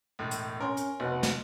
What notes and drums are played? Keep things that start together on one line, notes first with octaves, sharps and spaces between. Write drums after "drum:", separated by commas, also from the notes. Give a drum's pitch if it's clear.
E1 A2
drum: hi-hat
C#4 A#4 C6
drum: hi-hat
F1 B2
drum: snare